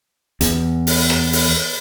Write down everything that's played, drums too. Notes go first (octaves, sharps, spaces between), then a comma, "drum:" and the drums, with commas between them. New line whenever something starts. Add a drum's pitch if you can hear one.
E2, drum: hi-hat
drum: open hi-hat
drum: rim click
drum: open hi-hat